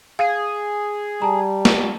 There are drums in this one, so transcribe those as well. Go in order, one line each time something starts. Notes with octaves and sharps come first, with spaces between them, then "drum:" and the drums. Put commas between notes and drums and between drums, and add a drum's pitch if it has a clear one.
G#4 F5
G3 A5 A#5
drum: snare